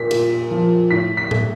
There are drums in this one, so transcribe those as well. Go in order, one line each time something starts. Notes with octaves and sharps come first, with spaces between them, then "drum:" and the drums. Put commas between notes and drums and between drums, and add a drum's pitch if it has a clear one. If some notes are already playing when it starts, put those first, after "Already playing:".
Already playing: A#2 A#3 B6
A#2, drum: cymbal
F3
A2 B6
B6
A3, drum: tom A2